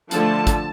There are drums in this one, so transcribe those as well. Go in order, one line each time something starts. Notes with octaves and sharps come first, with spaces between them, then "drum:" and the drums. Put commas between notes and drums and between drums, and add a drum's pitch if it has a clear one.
D3 F3 A3 A5, drum: hi-hat
drum: kick, hi-hat